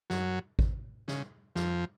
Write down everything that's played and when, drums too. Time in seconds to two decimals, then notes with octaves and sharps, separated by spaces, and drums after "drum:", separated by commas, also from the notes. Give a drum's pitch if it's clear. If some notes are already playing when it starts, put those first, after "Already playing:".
0.10 F#2 F#3, drum: snare
0.59 drum: kick
1.08 C#3, drum: snare
1.56 F2 F3, drum: snare